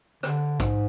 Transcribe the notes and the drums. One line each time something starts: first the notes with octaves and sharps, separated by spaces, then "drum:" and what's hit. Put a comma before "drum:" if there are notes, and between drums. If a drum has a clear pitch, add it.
D3, drum: rim click
G#2, drum: kick A#1, hi-hat